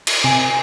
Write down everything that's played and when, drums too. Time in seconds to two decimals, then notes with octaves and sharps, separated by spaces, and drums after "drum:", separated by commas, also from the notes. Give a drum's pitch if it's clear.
0.07 drum: cymbal
0.24 C3 G#5